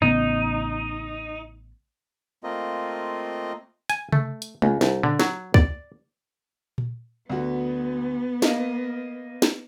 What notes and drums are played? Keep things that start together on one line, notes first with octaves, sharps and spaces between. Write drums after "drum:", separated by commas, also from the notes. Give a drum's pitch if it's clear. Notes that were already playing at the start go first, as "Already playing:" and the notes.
A1 C#3 B3 D#4
A3 A#3 C4 F4 D#5
G#5, drum: hi-hat
A3, drum: tom C3
drum: hi-hat
C#2, drum: tom
C2, drum: snare
D3, drum: tom A#2
F#3, drum: snare
D5, drum: kick
drum: tom A#2
D2 B3 F#4
A#3 D#5 F5, drum: snare
drum: snare